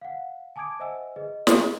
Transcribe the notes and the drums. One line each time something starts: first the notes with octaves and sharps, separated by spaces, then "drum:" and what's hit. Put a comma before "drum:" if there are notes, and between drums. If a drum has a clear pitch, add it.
F5 F#5
G#5 A5 D6 D#6 G#6 D7
C5 D#5 E5 F#5 G#5 E6
G#4 B4 D#5
drum: snare